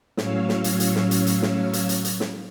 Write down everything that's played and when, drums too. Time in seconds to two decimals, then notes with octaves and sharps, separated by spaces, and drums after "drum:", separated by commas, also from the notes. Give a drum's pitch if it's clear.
0.17 A2 F#3 C#4 C#5 F5 E6, drum: snare
0.49 drum: snare
0.64 drum: hi-hat
0.80 drum: hi-hat
0.95 drum: snare
1.11 drum: hi-hat
1.27 drum: hi-hat
1.42 drum: snare
1.73 drum: hi-hat
1.89 drum: hi-hat
2.05 drum: hi-hat
2.20 drum: snare